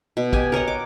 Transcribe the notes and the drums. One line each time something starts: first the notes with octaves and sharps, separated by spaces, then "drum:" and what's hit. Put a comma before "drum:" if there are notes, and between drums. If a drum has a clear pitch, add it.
B2
G4 G#5, drum: kick
A#4 C#5 D#5 F#5
D6